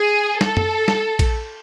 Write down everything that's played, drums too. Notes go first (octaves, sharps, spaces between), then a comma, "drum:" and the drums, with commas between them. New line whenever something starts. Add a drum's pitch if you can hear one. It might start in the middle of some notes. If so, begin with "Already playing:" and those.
Already playing: G#4
A4, drum: snare
drum: tom
drum: snare
drum: kick A#1, cymbal